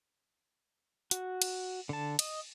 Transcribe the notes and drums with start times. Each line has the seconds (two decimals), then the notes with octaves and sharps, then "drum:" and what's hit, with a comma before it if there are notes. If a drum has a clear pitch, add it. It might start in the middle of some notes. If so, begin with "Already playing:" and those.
1.11 F#4, drum: hi-hat
1.42 drum: cymbal
1.89 D3 A5
2.19 D#5, drum: cymbal